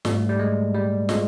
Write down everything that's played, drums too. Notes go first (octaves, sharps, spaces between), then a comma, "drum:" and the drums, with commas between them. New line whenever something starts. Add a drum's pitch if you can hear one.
G#2 E3 G3 A3, drum: snare
G3
G#3
G3
G#3, drum: snare